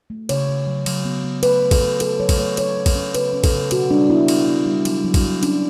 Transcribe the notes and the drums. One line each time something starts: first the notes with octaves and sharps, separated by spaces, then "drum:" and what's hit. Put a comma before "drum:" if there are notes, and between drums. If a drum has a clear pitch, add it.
A3
C#3 C#5, drum: cymbal
C#3
F#3
F#3, drum: cymbal
B3
B3
A3 B4, drum: cymbal
A3
A4, drum: kick, cymbal
A3
F#3 A4, drum: cymbal
F#3 C#5
drum: kick, cymbal
A3 C#5
F#3 C#5, drum: cymbal
C#4
drum: kick, cymbal
C#4
C#3 B4, drum: cymbal
C#4
A4, drum: kick, cymbal
C#3
B2 F#4, drum: cymbal
G3 D4
B3 E4
G3, drum: cymbal
B3
G3
F#3, drum: cymbal
F#3
drum: kick, cymbal
F#3
C#4 D4, drum: cymbal